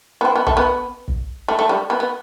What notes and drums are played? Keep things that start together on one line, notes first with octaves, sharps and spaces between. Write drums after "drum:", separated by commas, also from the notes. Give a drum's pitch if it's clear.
B3
C4
B3
A3, drum: kick
B3
drum: kick
A3
A3
G3
B3
B3